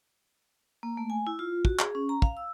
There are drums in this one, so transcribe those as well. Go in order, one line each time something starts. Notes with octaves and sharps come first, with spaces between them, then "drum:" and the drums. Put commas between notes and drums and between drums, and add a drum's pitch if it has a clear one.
A#3
A3
G#5
E4
F4
F#4, drum: kick
G#4, drum: clap
C#4
A#5
F5, drum: kick
E6